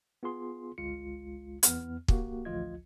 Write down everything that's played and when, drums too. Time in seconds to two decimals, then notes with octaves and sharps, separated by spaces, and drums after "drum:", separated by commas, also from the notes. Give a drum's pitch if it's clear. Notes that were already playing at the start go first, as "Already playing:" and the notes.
0.23 B3 F4 G#4 C6
0.78 G1 C#2 G#3 F4 C#7
1.63 E2 B3 F6, drum: hi-hat
2.08 A#3 F#4 G4, drum: kick
2.45 A1 D2 F3 F4 D#5 G#6